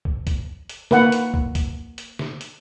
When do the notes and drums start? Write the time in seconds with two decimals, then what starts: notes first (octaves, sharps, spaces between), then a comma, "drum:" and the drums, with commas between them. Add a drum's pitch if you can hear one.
0.05 drum: kick
0.27 drum: kick, hi-hat
0.69 drum: hi-hat
0.91 A#3 B4 F#5, drum: snare
1.12 drum: hi-hat
1.34 drum: kick
1.55 drum: kick, hi-hat
1.98 drum: hi-hat
2.19 drum: snare
2.41 drum: hi-hat